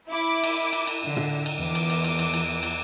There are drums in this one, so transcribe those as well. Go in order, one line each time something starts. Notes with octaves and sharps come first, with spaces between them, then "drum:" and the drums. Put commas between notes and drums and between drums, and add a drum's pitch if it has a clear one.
E4 D6
drum: cymbal
drum: cymbal
drum: cymbal
D3
drum: tom
drum: cymbal
E2 D6
drum: cymbal
drum: cymbal
drum: cymbal
drum: cymbal
drum: cymbal
drum: cymbal